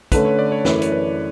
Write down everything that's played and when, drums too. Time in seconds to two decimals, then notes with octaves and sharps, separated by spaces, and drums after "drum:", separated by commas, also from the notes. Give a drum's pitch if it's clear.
0.12 D3 A3 C#4 B4, drum: kick, hi-hat
0.25 C#5
0.39 D5
0.52 C#5
0.65 F#2 E3 A3 B4, drum: snare
0.82 C#5, drum: hi-hat
0.92 B4